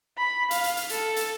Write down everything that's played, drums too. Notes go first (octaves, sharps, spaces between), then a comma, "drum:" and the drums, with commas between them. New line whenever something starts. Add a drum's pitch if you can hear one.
B5
F5, drum: hi-hat
drum: hi-hat
drum: hi-hat
A4, drum: hi-hat
drum: hi-hat